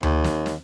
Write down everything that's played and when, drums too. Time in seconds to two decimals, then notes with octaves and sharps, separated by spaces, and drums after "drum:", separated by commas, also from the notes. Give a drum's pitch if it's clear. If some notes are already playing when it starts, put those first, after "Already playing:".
0.03 D#2, drum: tom D2
0.24 drum: snare
0.46 drum: snare